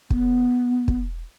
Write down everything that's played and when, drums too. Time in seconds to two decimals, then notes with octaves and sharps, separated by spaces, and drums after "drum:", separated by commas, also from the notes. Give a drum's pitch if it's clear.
0.10 B3, drum: kick
0.88 drum: kick